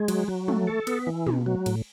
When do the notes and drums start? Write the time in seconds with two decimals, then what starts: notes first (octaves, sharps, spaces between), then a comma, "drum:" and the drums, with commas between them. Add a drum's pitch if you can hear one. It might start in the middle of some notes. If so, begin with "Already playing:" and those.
Already playing: G#3
0.08 F#3, drum: cymbal
0.28 F#3
0.48 A3, drum: tom
0.67 A4
0.87 B3, drum: cymbal
1.07 E3
1.27 B2, drum: tom
1.46 F#3
1.66 A2, drum: cymbal